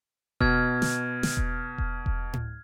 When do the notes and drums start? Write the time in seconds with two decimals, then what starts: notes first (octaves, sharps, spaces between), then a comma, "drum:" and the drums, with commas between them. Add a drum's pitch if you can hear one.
0.41 B2 F6 G#6, drum: kick E1
0.82 drum: snare
1.23 drum: snare
1.37 drum: kick E1
1.78 drum: kick E1
2.06 drum: kick E1
2.33 drum: tom A2